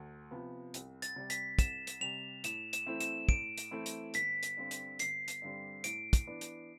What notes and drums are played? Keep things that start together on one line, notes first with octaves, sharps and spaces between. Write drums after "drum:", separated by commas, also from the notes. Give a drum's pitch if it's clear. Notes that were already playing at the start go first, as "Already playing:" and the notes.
Already playing: D2
C3 F3 B3
C2, drum: hi-hat
A6, drum: hi-hat
C3 G3
B6, drum: hi-hat
C2 E7, drum: kick, hi-hat
drum: hi-hat
C3 G3 F7
A2 E7, drum: hi-hat
E7, drum: hi-hat
E3 A3 C4 E4
E7, drum: hi-hat
A2 D7, drum: kick
drum: hi-hat
E3 A3 C4 E4
drum: hi-hat
G1 B6, drum: hi-hat
drum: hi-hat
G2 D3 G3 C4
drum: hi-hat
G1 C7, drum: hi-hat
drum: hi-hat
G2 D3 G3 C4
A2 D7, drum: hi-hat
drum: kick, hi-hat
E3 B3 D4
drum: hi-hat